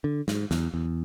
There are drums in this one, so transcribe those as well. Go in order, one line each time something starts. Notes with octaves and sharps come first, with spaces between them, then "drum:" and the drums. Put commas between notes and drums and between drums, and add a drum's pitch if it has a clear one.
D3
G#2, drum: snare
E2, drum: snare
E2